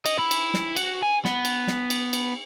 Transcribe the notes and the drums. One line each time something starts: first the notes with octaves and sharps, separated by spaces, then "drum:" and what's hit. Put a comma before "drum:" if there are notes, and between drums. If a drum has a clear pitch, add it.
D#5, drum: cymbal
E4
drum: cymbal
drum: snare
F#4, drum: cymbal
G#5
B3, drum: snare
drum: cymbal
drum: snare
drum: cymbal
drum: cymbal